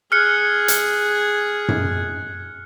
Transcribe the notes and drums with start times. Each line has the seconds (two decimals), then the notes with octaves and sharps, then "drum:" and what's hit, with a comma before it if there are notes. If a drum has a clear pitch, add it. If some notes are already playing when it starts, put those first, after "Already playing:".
0.12 G#4 F6 F#6 C#7
0.68 drum: hi-hat
1.68 drum: tom F#2